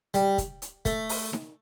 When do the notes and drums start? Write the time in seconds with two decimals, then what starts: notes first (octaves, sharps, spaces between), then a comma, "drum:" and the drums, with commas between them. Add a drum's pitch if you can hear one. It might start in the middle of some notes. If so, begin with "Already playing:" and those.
0.14 G3, drum: hi-hat
0.38 drum: kick, hi-hat
0.62 drum: hi-hat
0.85 A3, drum: kick, hi-hat
1.09 drum: open hi-hat
1.33 drum: snare D#4